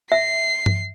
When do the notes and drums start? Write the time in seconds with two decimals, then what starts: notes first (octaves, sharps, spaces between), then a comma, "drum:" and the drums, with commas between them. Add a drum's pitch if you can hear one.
0.12 E5 C7
0.66 drum: tom G2